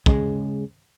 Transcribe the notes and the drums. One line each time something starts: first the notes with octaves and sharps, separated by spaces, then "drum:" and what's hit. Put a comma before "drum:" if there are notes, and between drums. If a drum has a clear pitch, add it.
C#3 G#3, drum: kick